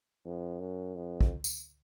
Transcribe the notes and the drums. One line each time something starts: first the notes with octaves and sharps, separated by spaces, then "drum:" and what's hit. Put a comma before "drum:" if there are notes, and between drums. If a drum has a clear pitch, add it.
F2
F#2
F2
drum: kick
drum: tambourine